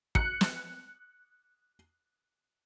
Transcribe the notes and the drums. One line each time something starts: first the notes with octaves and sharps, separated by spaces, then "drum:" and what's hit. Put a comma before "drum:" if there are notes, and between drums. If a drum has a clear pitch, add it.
F#6 C#7, drum: kick
drum: snare